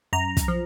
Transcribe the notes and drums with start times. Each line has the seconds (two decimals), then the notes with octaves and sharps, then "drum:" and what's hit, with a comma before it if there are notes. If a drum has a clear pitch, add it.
0.13 F#2 A#5
0.37 drum: kick, hi-hat
0.48 F3